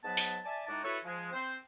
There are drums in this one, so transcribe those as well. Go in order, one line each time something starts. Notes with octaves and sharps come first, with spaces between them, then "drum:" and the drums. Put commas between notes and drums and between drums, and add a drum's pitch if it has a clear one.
G#2 F#3 B3 B4 A5
drum: open hi-hat
D5 E5 G#5 A5
A2 G#3 D#4 F#4 A5 D6
E4 F#4 A4 B4 C#5
F3 G#3
C4 C5